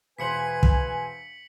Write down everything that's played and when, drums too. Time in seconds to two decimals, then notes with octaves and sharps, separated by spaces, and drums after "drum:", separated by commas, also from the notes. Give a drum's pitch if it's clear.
0.19 E1 B4 C5 G#5 B6 C#7 F#7
0.63 drum: kick